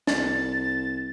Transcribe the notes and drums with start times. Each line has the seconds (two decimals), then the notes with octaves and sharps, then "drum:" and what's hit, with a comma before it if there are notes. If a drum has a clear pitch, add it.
0.07 C2 A6, drum: snare